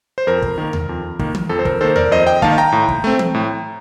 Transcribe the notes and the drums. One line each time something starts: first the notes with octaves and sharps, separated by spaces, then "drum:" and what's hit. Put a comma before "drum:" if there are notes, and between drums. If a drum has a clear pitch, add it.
C5
F2 A#4
drum: kick
D#3 A#3
drum: tom D#2
F2
D#3 A#3, drum: kick
drum: tom
F2 A4
C5
A#4, drum: kick
D#3 A#3 A4 C5
A#4 D5, drum: tom D#2
F2 C5 D#5
D#5 G5
D#3 A#3 F5 A5, drum: kick
G5 A#5
A2
drum: kick
A3 C4
drum: tom
A2